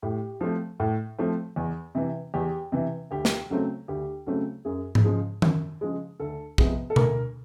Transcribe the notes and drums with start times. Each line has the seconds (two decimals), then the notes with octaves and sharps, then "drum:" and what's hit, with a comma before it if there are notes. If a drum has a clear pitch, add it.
0.02 A2 G4
0.41 F3 A3 C4
0.80 A2
1.19 F3 A3 C4
1.56 E2
1.95 C3 E3
2.34 E2 G4
2.72 C3 E3
3.11 D2 G4
3.25 drum: snare
3.50 C#3 F#3 A3 C4
3.88 D2 G4
4.26 C#3 F#3 A3 C4
4.65 F#2 G#4
4.95 drum: tom G#2
5.04 C#3 F3 G#3
5.42 F#2, drum: tom D#3
5.81 C#3 F3 G#3
6.20 D2 A4
6.58 C3 F3 G#3 B3, drum: kick A#1
6.90 A4
6.96 D2 A#4, drum: tom B2